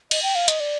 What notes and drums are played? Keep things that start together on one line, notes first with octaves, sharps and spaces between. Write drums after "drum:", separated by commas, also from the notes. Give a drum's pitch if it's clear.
D#5, drum: cymbal
G5
F5
D#5, drum: hi-hat
D5